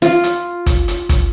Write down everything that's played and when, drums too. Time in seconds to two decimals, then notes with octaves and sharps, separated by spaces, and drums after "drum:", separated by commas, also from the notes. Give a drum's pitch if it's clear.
0.02 F4, drum: hi-hat
0.23 drum: hi-hat
0.66 drum: kick, hi-hat
0.88 drum: hi-hat
1.09 drum: kick, hi-hat